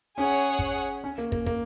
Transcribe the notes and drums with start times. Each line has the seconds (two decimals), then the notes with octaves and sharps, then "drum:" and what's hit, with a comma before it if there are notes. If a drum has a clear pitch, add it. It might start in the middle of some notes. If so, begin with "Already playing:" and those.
0.18 C#4 G#4 C#5 F#5
0.59 drum: kick
1.04 C#4
1.18 A#3
1.32 A#3, drum: kick
1.46 A#3, drum: kick